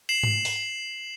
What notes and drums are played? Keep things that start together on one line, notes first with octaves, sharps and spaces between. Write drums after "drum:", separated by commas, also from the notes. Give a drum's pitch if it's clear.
C7 E7 F#7
drum: tom G#2
drum: open hi-hat